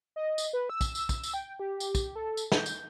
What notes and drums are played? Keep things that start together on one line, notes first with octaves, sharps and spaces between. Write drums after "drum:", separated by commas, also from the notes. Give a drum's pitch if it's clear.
D#5
drum: tambourine
B4
E6
drum: kick, tambourine
drum: tambourine
drum: kick, tambourine
drum: tambourine
G5
G4
drum: tambourine
drum: kick, tambourine
A4
drum: tambourine
G6, drum: snare
drum: tambourine